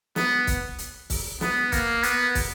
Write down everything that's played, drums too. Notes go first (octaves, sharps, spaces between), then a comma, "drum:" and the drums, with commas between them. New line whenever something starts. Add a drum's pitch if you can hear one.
B3, drum: snare
drum: kick, hi-hat
drum: hi-hat
drum: kick, open hi-hat
B3, drum: snare
A#3, drum: kick, hi-hat
B3, drum: hi-hat
drum: kick, open hi-hat